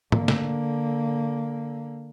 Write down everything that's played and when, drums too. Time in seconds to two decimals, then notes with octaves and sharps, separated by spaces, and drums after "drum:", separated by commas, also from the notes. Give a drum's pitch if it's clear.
0.12 D3 A#3, drum: tom
0.28 drum: snare